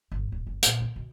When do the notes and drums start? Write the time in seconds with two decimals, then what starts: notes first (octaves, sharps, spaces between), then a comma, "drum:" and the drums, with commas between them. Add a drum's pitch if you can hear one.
0.12 G1
0.32 D1
0.47 F#1
0.63 A#2, drum: hi-hat
0.80 C4
0.96 B2